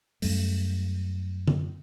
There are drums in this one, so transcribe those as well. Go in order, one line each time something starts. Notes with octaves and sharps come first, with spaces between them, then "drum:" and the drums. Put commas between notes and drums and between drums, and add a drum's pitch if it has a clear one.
F#2 G3 A3, drum: open hi-hat
drum: tom D3